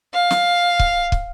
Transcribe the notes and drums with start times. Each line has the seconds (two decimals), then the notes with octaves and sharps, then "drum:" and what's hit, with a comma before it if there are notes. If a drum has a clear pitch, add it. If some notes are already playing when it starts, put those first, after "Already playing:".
0.14 F5
0.31 drum: snare
0.79 drum: kick
1.12 drum: kick